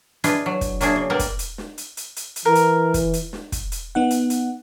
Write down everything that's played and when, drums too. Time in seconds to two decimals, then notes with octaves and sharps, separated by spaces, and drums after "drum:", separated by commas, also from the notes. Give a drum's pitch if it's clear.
0.24 D4 E4 F4 G#4 B4 D#5, drum: hi-hat
0.46 F#3
0.61 drum: kick, hi-hat
0.81 F#3 A#3 D4 G#4 E5, drum: hi-hat
0.96 C#3
1.10 G3 A#3 B3 A#4 D5
1.19 drum: kick, hi-hat
1.39 drum: hi-hat
1.58 drum: snare
1.78 drum: hi-hat
1.97 drum: hi-hat
2.16 drum: hi-hat
2.36 drum: hi-hat
2.45 E3 A#4
2.55 drum: hi-hat
2.94 drum: kick, hi-hat
3.13 drum: hi-hat
3.33 drum: snare
3.52 drum: kick, hi-hat
3.72 drum: hi-hat
3.95 B3 D#4 F#5
4.10 drum: hi-hat
4.30 drum: hi-hat